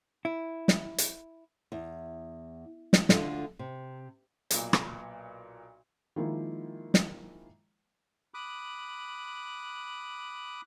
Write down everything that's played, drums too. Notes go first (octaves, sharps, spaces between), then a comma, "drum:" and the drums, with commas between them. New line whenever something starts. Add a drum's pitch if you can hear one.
E4
drum: snare
drum: hi-hat
E2
drum: snare
D2 D3 F4, drum: snare
C3
B1 A#2, drum: hi-hat
drum: rim click
D#3 F3 G#3 A#3 E4
drum: snare
B5 D6 D#6 F#6